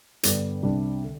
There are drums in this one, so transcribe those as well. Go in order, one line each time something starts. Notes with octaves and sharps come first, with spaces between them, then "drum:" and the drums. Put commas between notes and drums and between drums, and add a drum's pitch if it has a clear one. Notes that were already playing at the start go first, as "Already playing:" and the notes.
G2 D3 G3 B3, drum: hi-hat
C2 C3 G3 D4
D3